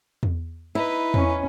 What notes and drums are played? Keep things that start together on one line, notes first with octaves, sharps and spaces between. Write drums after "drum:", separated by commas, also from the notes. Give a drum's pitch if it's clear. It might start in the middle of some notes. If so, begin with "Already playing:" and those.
drum: tom E2
D#4 E4 B4
C#4, drum: tom E2